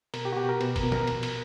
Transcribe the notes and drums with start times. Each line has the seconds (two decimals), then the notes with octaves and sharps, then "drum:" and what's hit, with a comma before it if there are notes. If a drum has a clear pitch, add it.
0.14 B2 A#4, drum: cymbal
0.25 G4
0.32 F#4
0.36 B2 G4
0.49 A#4
0.61 B2 B4, drum: cymbal
0.76 A#4, drum: kick, cymbal
0.84 B2
0.92 A#4, drum: snare
1.07 A#2, drum: cymbal
1.23 drum: cymbal